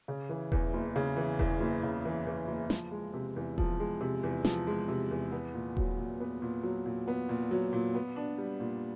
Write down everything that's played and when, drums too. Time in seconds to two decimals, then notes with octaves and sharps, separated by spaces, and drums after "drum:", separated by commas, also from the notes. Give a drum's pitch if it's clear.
0.08 C#3
0.29 E3
0.52 E2, drum: kick E1
0.74 F#1
0.96 C#3
1.17 E3
1.39 E2, drum: kick E1
1.61 F#1
1.83 C#3
2.05 E3
2.27 E2
2.48 F#1
2.70 F3, drum: snare
2.91 G#3
3.14 C3
3.36 E2
3.58 F3, drum: kick E1
3.80 G#3
4.01 C3
4.23 E2
4.45 F3, drum: snare
4.67 G#3
4.88 C3
5.11 E2
5.32 B3
5.54 A#2
5.77 F#3, drum: kick E1
5.98 A#2
6.20 B3
6.42 A#2
6.63 F#3
6.86 A#2
7.08 B3
7.29 A#2
7.51 F#3
7.73 A#2
7.95 B3
8.16 D4
8.38 G3
8.60 A#2